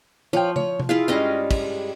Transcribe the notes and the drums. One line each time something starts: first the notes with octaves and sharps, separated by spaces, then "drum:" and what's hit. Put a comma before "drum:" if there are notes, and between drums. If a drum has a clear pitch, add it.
F3 C#5 F5 G5
C#5, drum: tom C#3
drum: tom
E4 F4 G#4 F5
G2 G3 G#3 C#4 D#5 F5
drum: kick, cymbal